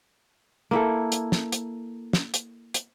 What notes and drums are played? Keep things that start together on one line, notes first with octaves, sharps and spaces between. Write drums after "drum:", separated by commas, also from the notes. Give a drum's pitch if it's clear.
A#3 E4 A4
drum: hi-hat
drum: snare
drum: hi-hat
drum: snare
drum: hi-hat
drum: hi-hat